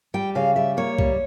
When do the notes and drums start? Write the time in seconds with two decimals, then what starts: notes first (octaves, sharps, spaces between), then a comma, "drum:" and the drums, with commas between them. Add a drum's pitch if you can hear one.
0.14 G3 G5
0.35 C#3 F5
0.56 G3 E5
0.77 A#3 C#5
0.99 G3, drum: kick